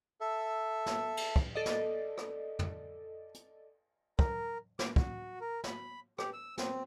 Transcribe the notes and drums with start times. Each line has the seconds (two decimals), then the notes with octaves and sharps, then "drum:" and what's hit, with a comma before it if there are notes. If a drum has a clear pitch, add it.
0.21 A4 E5
0.86 drum: snare
1.17 drum: cymbal
1.36 drum: kick
1.55 A4 D5 D#5
1.66 drum: snare
2.18 drum: rim click
2.59 drum: tom
3.34 drum: hi-hat
4.19 A#4, drum: kick
4.79 D6, drum: snare
4.96 F#4, drum: kick
5.41 A#4
5.64 B5, drum: snare
6.18 G4, drum: rim click
6.33 E6
6.58 C4, drum: snare